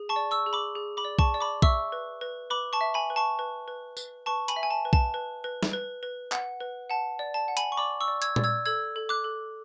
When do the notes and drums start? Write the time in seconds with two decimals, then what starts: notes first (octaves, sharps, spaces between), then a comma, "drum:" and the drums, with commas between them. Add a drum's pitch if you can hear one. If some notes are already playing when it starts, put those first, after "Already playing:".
Already playing: G#4
0.09 A5 C#6
0.16 D5
0.31 C#6 E6
0.46 G#4
0.53 B5 D6
0.75 G#4
0.97 B5 D6
1.05 D5
1.19 A5 C#6, drum: kick B1
1.34 D5
1.40 B5 D6
1.62 E5 C#6 E6, drum: kick B1
1.92 B4
2.21 B4
2.50 B4 B5 D6
2.73 A5 C#6
2.81 E5
2.94 G#5 B5
3.10 B4
3.16 A5 C#6
3.39 B4
3.68 B4
3.97 B4, drum: tambourine
4.26 B4 A5 C#6
4.48 G#5 B5, drum: hi-hat
4.56 E5
4.63 G#5
4.71 A5
4.85 B4
4.93 A5, drum: kick B1
5.14 B4
5.44 B4
5.63 drum: snare
5.73 B4
6.03 B4
6.32 F#5, drum: clap
6.60 B4
6.90 F#5 A5
7.19 D5
7.34 A5
7.48 F#5
7.57 G#5 B5, drum: hi-hat
7.72 C#6
7.77 D5 B5 D6
8.01 C#6 E6
8.08 D5
8.22 E6 G#6, drum: hi-hat
8.36 D5, drum: tom A#2
8.44 E6 G#6
8.65 A4 E6 G#6
8.96 A4
9.09 D6 F#6
9.24 A4